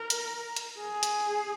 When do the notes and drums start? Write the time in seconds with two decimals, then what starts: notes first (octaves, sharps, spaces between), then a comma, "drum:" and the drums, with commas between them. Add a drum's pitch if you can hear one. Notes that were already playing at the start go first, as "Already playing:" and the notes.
Already playing: A#4
0.10 drum: hi-hat
0.56 drum: hi-hat
0.79 G#4
1.03 drum: hi-hat